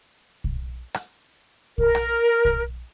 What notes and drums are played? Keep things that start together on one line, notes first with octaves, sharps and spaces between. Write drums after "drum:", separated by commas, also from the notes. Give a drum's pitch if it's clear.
drum: kick
drum: rim click
A#4, drum: kick
drum: rim click
drum: kick